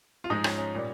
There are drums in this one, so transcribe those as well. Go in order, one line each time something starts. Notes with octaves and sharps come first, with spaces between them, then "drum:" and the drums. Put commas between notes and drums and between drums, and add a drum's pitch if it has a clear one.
F4
G#2 F3 G#3 D#4
C#4, drum: rim click
C#4
A#2 G3